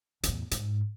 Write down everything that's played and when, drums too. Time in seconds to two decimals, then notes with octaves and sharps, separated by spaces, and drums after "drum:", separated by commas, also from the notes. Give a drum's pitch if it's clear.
0.23 E2 A2, drum: hi-hat
0.51 G#2, drum: hi-hat